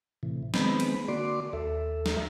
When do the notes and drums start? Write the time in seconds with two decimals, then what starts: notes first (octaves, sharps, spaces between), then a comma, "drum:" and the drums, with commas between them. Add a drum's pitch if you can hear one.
0.23 A2 C3 E3
0.54 D#3 G#3 B3 C4 B5, drum: snare
0.80 drum: cymbal
1.08 D3 A#3 F#4 D5 C6 D6
1.53 D#2 A4 E5
2.06 drum: snare